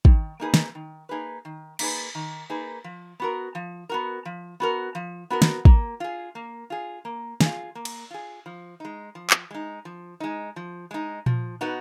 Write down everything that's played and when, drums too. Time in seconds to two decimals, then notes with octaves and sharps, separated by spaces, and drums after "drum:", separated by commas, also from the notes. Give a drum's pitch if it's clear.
0.05 D#3, drum: kick
0.40 A#3 D#4 G#4 B4
0.54 drum: snare
0.75 D#3
1.09 A#3 D#4 G#4 B4
1.45 D#3
1.79 A#3 D#4 G#4 B4, drum: cymbal
2.15 D#3
2.50 A#3 D#4 G#4 B4
2.84 F3
3.20 B3 F#4 A#4
3.55 F3
3.89 B3 F#4 A#4
4.25 F3
4.60 B3 F#4 A#4
4.95 F3
5.30 B3 F#4 A#4
5.42 drum: snare
5.65 A#3, drum: kick
6.00 F4 G#4
6.35 A#3
6.70 F4 G#4
7.05 A#3
7.41 F4 G#4, drum: snare
7.75 A#3
7.85 drum: cymbal
8.10 F4 G#4
8.46 F3
8.80 G#3 D#4
9.15 F3
9.30 drum: clap
9.51 G#3 D#4
9.85 F3
10.20 G#3 D#4
10.56 F3
10.91 G#3 D#4
11.26 F3, drum: tom A#2
11.61 B3 D#4 F#4 B4